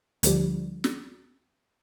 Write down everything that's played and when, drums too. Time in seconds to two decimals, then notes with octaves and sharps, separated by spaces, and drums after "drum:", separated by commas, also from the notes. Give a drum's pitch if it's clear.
0.23 D2 D3 F3 G3, drum: hi-hat
0.84 drum: snare